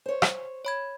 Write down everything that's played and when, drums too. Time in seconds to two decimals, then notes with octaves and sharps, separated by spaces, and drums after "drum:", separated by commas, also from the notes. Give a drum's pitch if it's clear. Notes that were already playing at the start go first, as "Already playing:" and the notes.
0.06 C5 C#5
0.22 drum: rim click
0.65 C#5 B5 G#6